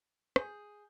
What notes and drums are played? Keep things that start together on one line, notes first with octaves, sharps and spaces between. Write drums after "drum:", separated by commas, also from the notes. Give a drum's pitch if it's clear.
G#4 G6, drum: rim click